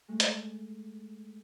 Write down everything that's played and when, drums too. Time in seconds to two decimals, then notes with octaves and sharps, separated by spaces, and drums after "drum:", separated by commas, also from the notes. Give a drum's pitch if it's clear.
0.08 G#3 A3
0.20 drum: hi-hat